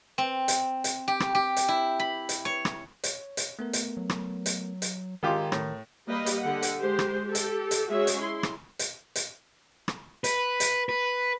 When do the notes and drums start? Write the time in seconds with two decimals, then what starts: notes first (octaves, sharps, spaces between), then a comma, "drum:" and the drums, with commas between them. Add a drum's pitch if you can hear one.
0.18 C4
0.48 drum: hi-hat
0.84 drum: hi-hat
1.08 G4
1.20 drum: rim click
1.35 G4
1.56 drum: hi-hat
1.68 E4
2.00 B5
2.29 drum: hi-hat
2.45 C#5
2.65 drum: rim click
3.04 C#5, drum: hi-hat
3.37 drum: hi-hat
3.59 A3 B3 A#4
3.73 drum: hi-hat
3.97 F#3
4.09 drum: rim click
4.46 drum: hi-hat
4.82 drum: hi-hat
5.23 G#1 D#3 F4 G4 A#4 A#5
5.52 A2, drum: rim click
6.07 G3 A#3 G4 B4 D#5 F5
6.26 drum: hi-hat
6.42 D3 G4 A4 D#5 F#5
6.63 drum: hi-hat
6.80 G#3 G4 C5
6.99 drum: rim click
7.25 G4 A4
7.35 drum: hi-hat
7.71 drum: hi-hat
7.90 G#3 C#4 F#4 G#4 C#5 E5
8.07 drum: hi-hat
8.21 E4 C6
8.43 drum: rim click
8.79 drum: hi-hat
9.16 drum: hi-hat
9.88 drum: rim click
10.24 B4, drum: hi-hat
10.60 drum: hi-hat
10.89 B4